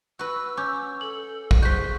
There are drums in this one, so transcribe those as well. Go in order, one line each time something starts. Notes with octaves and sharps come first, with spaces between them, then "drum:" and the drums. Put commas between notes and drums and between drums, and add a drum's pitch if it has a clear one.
F#4 B4 E6
C#4 D6 G6
A4 F#7
drum: kick
F#4 G#4 C5 G6 B6